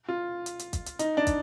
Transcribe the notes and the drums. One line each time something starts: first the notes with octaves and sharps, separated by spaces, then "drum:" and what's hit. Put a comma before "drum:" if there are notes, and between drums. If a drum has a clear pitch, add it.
F4
drum: hi-hat
drum: hi-hat
drum: kick, hi-hat
drum: hi-hat
D#4, drum: hi-hat
D4
drum: kick, hi-hat